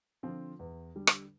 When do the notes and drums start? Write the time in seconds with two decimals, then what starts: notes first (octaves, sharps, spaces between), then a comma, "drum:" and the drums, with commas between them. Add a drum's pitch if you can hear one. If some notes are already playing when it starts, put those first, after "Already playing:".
0.23 D3 F3 C4 F4
0.59 E2
0.95 D3 G3
1.07 drum: rim click